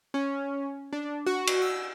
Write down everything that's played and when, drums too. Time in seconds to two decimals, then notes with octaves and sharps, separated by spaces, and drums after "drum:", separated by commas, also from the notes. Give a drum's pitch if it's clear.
0.14 C#4
0.93 D4
1.26 F#4
1.47 drum: cymbal
1.62 E6